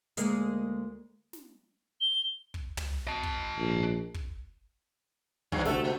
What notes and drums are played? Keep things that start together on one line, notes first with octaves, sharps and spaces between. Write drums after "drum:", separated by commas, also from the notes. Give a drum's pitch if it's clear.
D2 G#3 A#3, drum: hi-hat
drum: snare
G7
drum: kick
drum: tom
D#5 A5
drum: kick
A#1
drum: kick
E2 G2 F#3, drum: kick
D2 C3 A3 A4 E5, drum: snare
A3